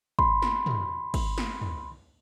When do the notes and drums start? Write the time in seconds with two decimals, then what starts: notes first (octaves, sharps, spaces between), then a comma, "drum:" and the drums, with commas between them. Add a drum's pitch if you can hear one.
0.19 B5 C6, drum: kick
0.42 drum: snare
0.66 drum: tom
1.14 drum: kick, cymbal
1.38 drum: snare
1.61 drum: tom